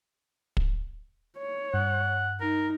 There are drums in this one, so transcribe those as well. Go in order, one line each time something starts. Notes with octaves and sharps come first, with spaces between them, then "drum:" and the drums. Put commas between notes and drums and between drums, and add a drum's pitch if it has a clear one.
drum: kick
C#5
G2 F#5
D#4 A#4